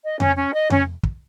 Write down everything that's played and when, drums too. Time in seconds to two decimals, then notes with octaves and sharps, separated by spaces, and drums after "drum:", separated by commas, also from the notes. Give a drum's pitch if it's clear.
0.03 D#5
0.20 C#4, drum: tom F2
0.37 C#4
0.53 D#5
0.70 C#4, drum: tom F2
1.03 drum: kick